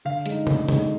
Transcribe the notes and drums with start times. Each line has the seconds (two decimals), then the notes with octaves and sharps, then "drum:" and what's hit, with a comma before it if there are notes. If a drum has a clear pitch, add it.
0.05 D3 F5
0.26 G#3, drum: hi-hat
0.31 D#4
0.47 D3, drum: tom
0.68 G#3 D#4, drum: tom